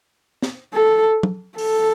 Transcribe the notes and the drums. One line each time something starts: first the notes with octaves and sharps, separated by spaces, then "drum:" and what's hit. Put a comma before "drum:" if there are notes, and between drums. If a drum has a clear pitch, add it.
drum: snare
A4
drum: tom
A4, drum: open hi-hat